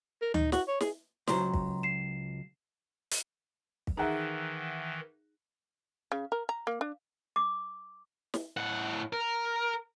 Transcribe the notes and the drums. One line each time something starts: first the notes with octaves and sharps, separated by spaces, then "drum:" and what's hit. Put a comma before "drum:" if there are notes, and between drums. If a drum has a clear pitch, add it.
A#4
D#4, drum: tom D2
F#4, drum: snare
C#5
G#4, drum: snare
C#2 F#3 C5 A#5 C6, drum: snare
drum: kick
C7 E7
drum: hi-hat
drum: kick
D#3 E3 D#4 G#4 E5 F#5 A#5
C#3
A#4
A#5
A#3
D4
D6
drum: snare
A2 F#5
A#4